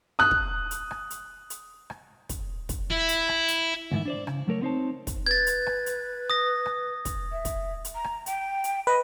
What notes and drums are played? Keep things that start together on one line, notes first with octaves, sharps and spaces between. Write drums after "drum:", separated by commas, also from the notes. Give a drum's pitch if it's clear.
D#6 F#6
drum: kick
drum: hi-hat
drum: rim click
drum: hi-hat
drum: hi-hat
drum: rim click
drum: kick, hi-hat
drum: kick, hi-hat
E4
drum: hi-hat
drum: rim click
drum: hi-hat
D2 G#2 D#3 E3 E5
D4 C5 D5
C#3, drum: rim click
F#3 A3 A#4 C#5
B3 C4 D#4 C5 C#5 A5
drum: kick, hi-hat
B4 G#6 A6
drum: hi-hat
drum: rim click
drum: hi-hat
D#6 A#6
drum: rim click
drum: kick, hi-hat
E5
drum: kick, hi-hat
drum: hi-hat
A#5
drum: rim click
G5, drum: hi-hat
drum: hi-hat
B4 D#5